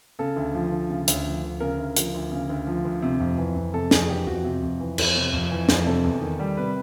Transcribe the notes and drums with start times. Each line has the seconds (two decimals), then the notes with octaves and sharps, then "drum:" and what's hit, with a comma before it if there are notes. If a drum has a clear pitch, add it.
0.19 C#3 A4
0.36 D2
0.54 F3
0.72 D2
0.89 C#3
1.08 D2, drum: hi-hat
1.25 F3
1.43 D2
1.60 C#3 A#4
1.78 D2
1.96 F3, drum: hi-hat
2.14 D2
2.32 C#3
2.49 D2
2.67 F3
2.85 D2
3.02 C3
3.20 F2
3.38 E3
3.56 F2
3.74 C3 A4
3.91 F2 G#4, drum: snare
4.09 E3 G4
4.27 F2 F#4
4.45 C3
4.62 F2
4.80 E3
4.98 F2, drum: cymbal
5.15 C3
5.33 F2
5.51 E3
5.69 F2, drum: snare
5.86 C3 A4
6.04 E2
6.22 D#3
6.40 G3
6.57 C3 B4